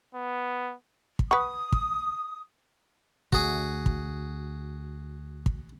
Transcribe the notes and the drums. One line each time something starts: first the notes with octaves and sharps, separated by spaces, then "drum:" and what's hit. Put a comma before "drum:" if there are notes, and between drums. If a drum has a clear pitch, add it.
B3
drum: kick
B4 F#5 C#6 D#6
drum: kick
D2 F#4 G#4, drum: kick
drum: kick
drum: kick